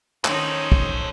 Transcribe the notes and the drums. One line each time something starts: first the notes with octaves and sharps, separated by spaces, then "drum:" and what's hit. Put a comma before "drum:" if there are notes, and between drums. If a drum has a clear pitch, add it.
D#3 C#4 D#4 A4 C5 C#5, drum: clap
drum: kick